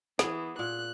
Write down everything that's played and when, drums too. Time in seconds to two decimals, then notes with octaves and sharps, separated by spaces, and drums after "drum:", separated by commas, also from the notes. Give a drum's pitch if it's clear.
0.19 E3 B3 G#4, drum: snare
0.59 A#2 F#6